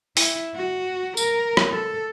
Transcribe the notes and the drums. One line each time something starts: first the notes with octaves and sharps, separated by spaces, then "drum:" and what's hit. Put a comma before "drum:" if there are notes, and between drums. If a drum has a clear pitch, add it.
E4, drum: open hi-hat
F#4
A#4, drum: tambourine
drum: rim click
A4